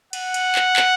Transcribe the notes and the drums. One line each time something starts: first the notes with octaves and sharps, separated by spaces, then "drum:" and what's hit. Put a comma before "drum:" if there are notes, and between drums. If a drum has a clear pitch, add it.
F#5, drum: cymbal
drum: cymbal
drum: clap
drum: clap